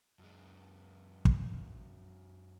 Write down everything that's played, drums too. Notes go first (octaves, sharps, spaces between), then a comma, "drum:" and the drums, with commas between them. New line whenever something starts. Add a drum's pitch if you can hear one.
F#2 G#3
drum: kick